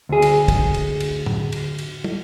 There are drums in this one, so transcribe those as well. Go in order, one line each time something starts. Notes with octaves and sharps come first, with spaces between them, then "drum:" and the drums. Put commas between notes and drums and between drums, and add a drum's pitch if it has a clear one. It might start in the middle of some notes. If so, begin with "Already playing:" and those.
D2 G#4
drum: cymbal
drum: kick, cymbal
drum: cymbal
drum: cymbal
drum: tom A2
drum: cymbal
drum: cymbal
drum: tom